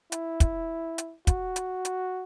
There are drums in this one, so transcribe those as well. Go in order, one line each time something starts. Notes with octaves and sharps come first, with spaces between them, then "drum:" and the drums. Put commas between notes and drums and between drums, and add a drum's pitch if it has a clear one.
E4, drum: hi-hat
drum: kick, hi-hat
drum: hi-hat
F#4, drum: kick, hi-hat
drum: hi-hat
drum: hi-hat